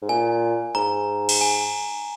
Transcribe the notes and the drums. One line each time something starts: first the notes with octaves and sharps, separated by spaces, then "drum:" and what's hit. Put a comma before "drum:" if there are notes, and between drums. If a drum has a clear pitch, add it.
G#2
A#2 G#5
G#2 A#5
drum: cymbal
G#5